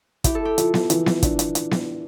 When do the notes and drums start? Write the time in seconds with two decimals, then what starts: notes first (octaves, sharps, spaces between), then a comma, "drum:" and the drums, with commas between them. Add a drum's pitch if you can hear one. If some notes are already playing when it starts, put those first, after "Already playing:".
0.24 E4 G4, drum: kick, hi-hat
0.35 A4
0.45 G4
0.58 F3, drum: hi-hat
0.74 drum: snare B3
0.90 E3, drum: hi-hat
1.06 drum: snare B3
1.23 D4, drum: kick, hi-hat
1.39 drum: hi-hat
1.55 drum: hi-hat
1.71 drum: snare B3